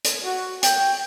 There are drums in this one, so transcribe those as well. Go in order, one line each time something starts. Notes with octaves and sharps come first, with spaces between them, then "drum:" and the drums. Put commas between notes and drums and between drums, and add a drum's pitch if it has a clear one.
drum: hi-hat
F#4
G5, drum: hi-hat